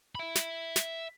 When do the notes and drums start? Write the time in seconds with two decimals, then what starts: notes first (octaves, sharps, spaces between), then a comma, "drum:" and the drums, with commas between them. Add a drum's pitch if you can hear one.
0.15 E5 B5
0.35 drum: snare
0.76 drum: snare